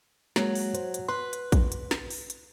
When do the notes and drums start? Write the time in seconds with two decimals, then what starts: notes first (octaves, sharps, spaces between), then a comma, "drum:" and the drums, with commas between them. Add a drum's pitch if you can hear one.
0.36 F#3 G#3 A#3, drum: snare
0.55 drum: open hi-hat
0.75 C5, drum: hi-hat
0.94 drum: hi-hat
1.08 B4 C6
1.33 drum: hi-hat
1.52 drum: kick, hi-hat
1.72 drum: hi-hat
1.91 drum: snare
2.10 drum: open hi-hat
2.30 drum: hi-hat